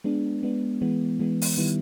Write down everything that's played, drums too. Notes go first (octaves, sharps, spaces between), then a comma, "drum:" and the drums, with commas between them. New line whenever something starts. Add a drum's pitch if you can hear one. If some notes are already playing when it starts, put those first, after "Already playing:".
G#3 B3 D4
G#3 B3 D4
E3 G#3 B3
E3 G#3 B3
drum: open hi-hat
D#3 G3 B3 E4